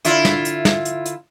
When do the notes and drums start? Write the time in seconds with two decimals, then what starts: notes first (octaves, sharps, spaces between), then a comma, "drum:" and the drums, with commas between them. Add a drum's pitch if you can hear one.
0.05 D3 E4 F4, drum: hi-hat
0.25 drum: snare
0.45 drum: hi-hat
0.65 drum: snare
0.85 drum: hi-hat
1.06 drum: hi-hat